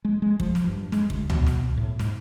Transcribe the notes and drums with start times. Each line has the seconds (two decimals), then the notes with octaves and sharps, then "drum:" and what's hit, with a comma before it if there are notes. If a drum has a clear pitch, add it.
0.05 G#3
0.22 G#3
0.40 F3, drum: kick
0.55 drum: snare
0.67 G2
0.92 G#3, drum: snare
1.10 D2, drum: kick
1.30 B2, drum: tom C#2
1.46 drum: snare
1.77 A2
1.99 G#2, drum: snare